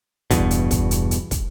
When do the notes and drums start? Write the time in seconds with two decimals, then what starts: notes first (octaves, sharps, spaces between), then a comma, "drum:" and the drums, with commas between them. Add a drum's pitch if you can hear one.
0.30 E2 G2 B2, drum: kick, hi-hat
0.51 drum: hi-hat
0.71 drum: kick, hi-hat
0.91 drum: hi-hat
1.11 drum: hi-hat
1.31 drum: kick, hi-hat